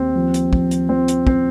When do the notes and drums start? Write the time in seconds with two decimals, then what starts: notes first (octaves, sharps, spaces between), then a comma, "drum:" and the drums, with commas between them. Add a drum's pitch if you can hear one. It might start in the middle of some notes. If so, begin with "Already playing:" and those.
Already playing: D#2 C4
0.15 F3
0.34 drum: hi-hat
0.53 F3, drum: kick
0.71 drum: hi-hat
0.89 F3 C4
1.08 drum: hi-hat
1.27 C4, drum: kick